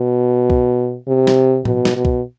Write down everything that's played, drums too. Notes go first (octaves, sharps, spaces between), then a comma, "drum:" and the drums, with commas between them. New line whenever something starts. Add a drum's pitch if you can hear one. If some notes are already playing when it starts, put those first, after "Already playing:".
Already playing: B2
drum: kick C2
C3
drum: snare
B2, drum: tom A2
drum: snare
B2
drum: kick C2